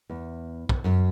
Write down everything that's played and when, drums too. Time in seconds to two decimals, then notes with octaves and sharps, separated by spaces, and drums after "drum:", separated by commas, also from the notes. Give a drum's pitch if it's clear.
0.10 E2
0.69 drum: kick
0.84 F#2